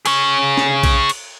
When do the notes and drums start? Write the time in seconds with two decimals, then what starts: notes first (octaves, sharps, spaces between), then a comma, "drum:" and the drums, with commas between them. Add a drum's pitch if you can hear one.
0.06 G#4 C#5, drum: cymbal
0.58 drum: snare
0.83 drum: kick B1, cymbal
1.09 drum: cymbal